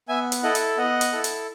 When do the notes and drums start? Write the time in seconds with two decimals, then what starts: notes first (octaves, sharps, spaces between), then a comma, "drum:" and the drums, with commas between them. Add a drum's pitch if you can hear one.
0.09 B3 E5 G#5
0.32 drum: hi-hat
0.43 E4 A4 D#5 F#5
0.55 drum: hi-hat
0.78 B3 D#5 F#5
1.01 drum: hi-hat
1.12 E4 A4
1.24 drum: hi-hat